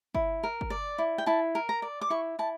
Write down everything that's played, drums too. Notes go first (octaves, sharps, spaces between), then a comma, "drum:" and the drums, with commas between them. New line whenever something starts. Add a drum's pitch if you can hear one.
E4, drum: kick G1
A#4
drum: kick G1
D5
E4
G5
E4 A5
A#4
A#5
D5
D6
E4 C#6
E4 A5